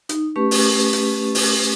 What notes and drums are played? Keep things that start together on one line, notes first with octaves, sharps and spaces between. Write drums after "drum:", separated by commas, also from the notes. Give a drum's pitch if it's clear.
D#4, drum: hi-hat
A3 C#4 G4 B4 C#6
drum: open hi-hat
drum: hi-hat
drum: open hi-hat